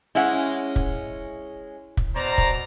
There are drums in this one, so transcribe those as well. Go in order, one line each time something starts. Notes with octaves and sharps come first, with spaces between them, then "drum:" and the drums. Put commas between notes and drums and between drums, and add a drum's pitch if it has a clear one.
G#3 C#4 E4 E5 F#5
drum: kick
drum: kick
B2 C5 D5 A#5
drum: kick